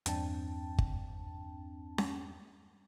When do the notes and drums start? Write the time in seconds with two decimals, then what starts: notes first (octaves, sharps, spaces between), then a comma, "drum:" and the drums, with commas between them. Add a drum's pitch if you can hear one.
0.06 E2 G2 C4 D4 G5 A5, drum: hi-hat
0.78 drum: kick G1
1.98 drum: snare C#4